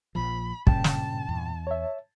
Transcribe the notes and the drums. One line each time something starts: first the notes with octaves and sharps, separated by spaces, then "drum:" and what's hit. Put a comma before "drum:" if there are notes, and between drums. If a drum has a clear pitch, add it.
A#1 A#2 F3 B5
G2 A#2 C#3 G5 A5, drum: kick
drum: snare
E2
C#5 E5